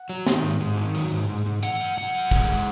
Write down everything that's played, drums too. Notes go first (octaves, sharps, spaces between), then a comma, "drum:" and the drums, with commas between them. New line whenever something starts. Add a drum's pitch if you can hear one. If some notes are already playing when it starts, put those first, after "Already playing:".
Already playing: F#5
F#3
D#3, drum: snare
G#2
G#2
D#3
F#3, drum: open hi-hat
G#2
G#2
G#2
E3 F#5, drum: hi-hat
F#2
F#2 F#5
F#2
G#3, drum: kick, open hi-hat
G#3